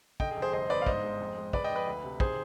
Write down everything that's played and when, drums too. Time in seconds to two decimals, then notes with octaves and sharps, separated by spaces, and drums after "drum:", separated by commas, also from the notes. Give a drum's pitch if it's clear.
0.20 D3 D#5 G5, drum: kick
0.31 G#4
0.37 F1
0.42 G#4 C5
0.53 G1 C5 D#5
0.70 G1 B4 D5
0.82 F5
0.86 G#2 C5 D#5, drum: kick
1.04 G#3
1.20 F2
1.37 G#3
1.53 G#3 B4 D5, drum: kick
1.64 D#5 G5
1.70 F2
1.76 B4
1.86 D2
2.04 C3
2.20 D#3 G#4 C5, drum: kick